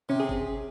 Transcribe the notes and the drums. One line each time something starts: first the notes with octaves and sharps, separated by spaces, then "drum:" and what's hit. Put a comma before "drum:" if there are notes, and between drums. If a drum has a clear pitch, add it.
C3 C#4
G#4
drum: kick G1